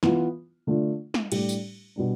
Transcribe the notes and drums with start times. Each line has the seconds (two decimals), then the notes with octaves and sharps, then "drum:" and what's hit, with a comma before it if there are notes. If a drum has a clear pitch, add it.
0.03 E3 B3 F4, drum: snare G3
0.67 D3 A3 D4 F4
1.14 drum: snare G3
1.32 A2 G3 D4 G4, drum: cymbal
1.49 drum: tambourine
1.96 B2 G3 D4